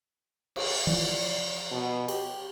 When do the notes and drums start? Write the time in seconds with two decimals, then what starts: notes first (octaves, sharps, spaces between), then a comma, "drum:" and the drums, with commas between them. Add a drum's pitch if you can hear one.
0.56 drum: cymbal
0.87 E3 F3 D5
1.71 B2
2.08 G4, drum: cymbal